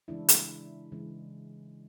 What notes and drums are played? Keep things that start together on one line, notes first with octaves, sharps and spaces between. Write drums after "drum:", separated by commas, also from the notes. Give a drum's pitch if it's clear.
C#3 E3 G#3 D4 E4
drum: hi-hat
C#3 E3 G#3